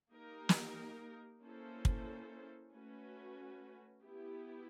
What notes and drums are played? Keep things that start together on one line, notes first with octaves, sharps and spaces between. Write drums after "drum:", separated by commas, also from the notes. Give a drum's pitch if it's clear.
A#3 D#4 G4 A#4
drum: snare
A#3 C#4 E4 A4 C5
drum: kick
A3 C#4 F#4 B4
B3 E4 G4